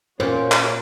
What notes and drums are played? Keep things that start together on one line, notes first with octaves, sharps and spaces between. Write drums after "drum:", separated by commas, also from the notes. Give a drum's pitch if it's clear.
A#2 C#4 F#4 C5 C#5
drum: clap